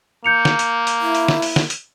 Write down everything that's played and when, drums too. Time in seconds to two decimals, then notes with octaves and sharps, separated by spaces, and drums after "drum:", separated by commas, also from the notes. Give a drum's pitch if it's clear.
0.24 A#3 G6 C#7 F7
0.45 drum: snare
0.59 drum: hi-hat
0.87 drum: hi-hat
1.01 E4
1.15 drum: hi-hat
1.28 drum: snare
1.42 drum: open hi-hat
1.56 drum: snare
1.70 drum: hi-hat